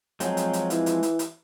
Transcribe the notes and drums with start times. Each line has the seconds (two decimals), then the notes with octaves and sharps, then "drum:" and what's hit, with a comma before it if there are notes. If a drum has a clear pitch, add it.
0.20 F3 F#3 G#3 C4, drum: hi-hat
0.37 drum: hi-hat
0.53 drum: hi-hat
0.70 E3, drum: hi-hat
0.86 drum: hi-hat
1.03 drum: hi-hat
1.19 drum: hi-hat